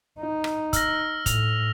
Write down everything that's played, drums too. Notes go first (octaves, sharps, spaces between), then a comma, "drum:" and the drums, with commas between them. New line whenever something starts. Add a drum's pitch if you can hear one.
D#4
drum: rim click
E6 F6 A#6, drum: kick, hi-hat
A2 F7, drum: kick, hi-hat